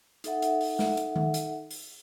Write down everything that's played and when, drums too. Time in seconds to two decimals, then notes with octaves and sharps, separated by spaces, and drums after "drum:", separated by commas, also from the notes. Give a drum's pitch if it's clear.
0.24 D#4 A4 E5 F#5, drum: hi-hat
0.42 drum: hi-hat
0.61 drum: open hi-hat
0.79 drum: snare
0.97 drum: hi-hat
1.16 drum: tom D#3
1.34 drum: hi-hat
1.71 drum: open hi-hat